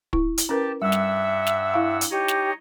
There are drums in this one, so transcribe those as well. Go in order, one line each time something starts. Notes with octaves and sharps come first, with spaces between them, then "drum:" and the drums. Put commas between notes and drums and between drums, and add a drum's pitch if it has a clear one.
E4, drum: kick
drum: hi-hat
C#4 G4 A#4 B4 A5
G2 G3 E5 F#5 E6
drum: snare
drum: snare
E4 F5
drum: hi-hat
D#4 G4 C#5 D#5
drum: snare